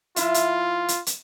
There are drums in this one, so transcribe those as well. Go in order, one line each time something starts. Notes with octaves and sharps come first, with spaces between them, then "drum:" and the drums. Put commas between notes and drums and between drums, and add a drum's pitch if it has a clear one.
F3 E4 F4 E5, drum: hi-hat
drum: hi-hat
drum: hi-hat
drum: hi-hat